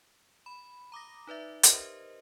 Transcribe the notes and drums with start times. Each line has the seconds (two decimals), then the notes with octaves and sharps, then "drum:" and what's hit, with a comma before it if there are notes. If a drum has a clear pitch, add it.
0.46 B5
0.92 A#5 D6 D#6 A#6
1.27 D#4 B4 D5 E5
1.63 G4 A#4 C5 D#5, drum: hi-hat